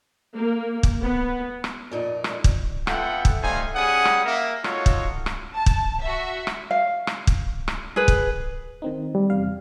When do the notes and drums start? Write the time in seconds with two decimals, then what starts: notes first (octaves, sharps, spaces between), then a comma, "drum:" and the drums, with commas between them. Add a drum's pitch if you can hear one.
0.36 A#3
0.83 drum: kick
1.03 B3
1.64 drum: rim click
1.92 F2 A#2 D#4
2.24 drum: rim click
2.44 drum: kick
2.87 B3 F4 A4 E5 F#5 G5, drum: rim click
3.25 drum: kick
3.42 G3 A3 D#4 C5 F5 G#5
3.75 G3 C#4 G#4 F#5 G#5 D#6
4.05 drum: rim click
4.24 A#3 A#4 E5
4.64 D#4 F4 F#4 A4 C#5, drum: rim click
4.86 drum: kick
5.26 drum: rim click
5.53 A5
5.66 drum: kick
6.02 F#4 E5
6.47 drum: rim click
6.71 F5
7.07 drum: rim click
7.27 drum: kick
7.68 drum: rim click
7.96 G#4 B4
8.08 drum: kick
8.82 D#3 C4 D#4
9.15 G3
9.30 E2 C3 F5